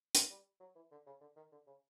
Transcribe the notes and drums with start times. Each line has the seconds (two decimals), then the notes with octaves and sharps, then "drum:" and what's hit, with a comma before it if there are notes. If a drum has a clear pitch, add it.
0.15 F#3, drum: hi-hat
0.30 G3
0.60 F#3
0.75 E3
0.91 D3
1.07 C#3
1.21 D3
1.36 D#3
1.52 D3
1.67 C#3